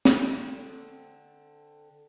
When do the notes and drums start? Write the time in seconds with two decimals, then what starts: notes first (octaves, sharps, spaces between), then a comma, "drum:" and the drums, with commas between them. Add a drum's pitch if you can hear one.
0.05 D3 C4 A4, drum: snare